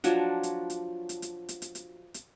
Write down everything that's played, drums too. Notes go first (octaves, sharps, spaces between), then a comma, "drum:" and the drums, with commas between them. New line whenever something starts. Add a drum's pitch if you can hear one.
F3 F#3 D4, drum: hi-hat
drum: hi-hat
drum: hi-hat
drum: hi-hat
drum: hi-hat
drum: hi-hat
drum: hi-hat
drum: hi-hat
drum: hi-hat